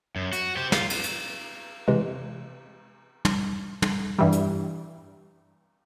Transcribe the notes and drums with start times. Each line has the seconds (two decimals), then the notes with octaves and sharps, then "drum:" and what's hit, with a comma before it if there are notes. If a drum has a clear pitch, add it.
0.16 F#2
0.33 F#4, drum: hi-hat
0.57 G4 C5
0.72 F4, drum: snare
0.90 drum: cymbal
1.04 drum: hi-hat
1.88 C3 E3 G#3
3.25 drum: tom
3.82 drum: tom
4.19 G2 E3 G3
4.32 drum: hi-hat